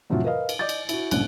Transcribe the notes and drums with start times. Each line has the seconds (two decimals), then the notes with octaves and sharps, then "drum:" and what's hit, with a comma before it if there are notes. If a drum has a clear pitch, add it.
0.10 F2 A2 C3 E3 F#3 F4
0.25 A#4 B4 D#5 F5
0.49 drum: cymbal
0.59 D5 D#5 D6 G6 A6
0.69 drum: cymbal
0.89 E4 F#4, drum: cymbal
1.11 F#1 C2 A2 C#4 D4 F#6, drum: cymbal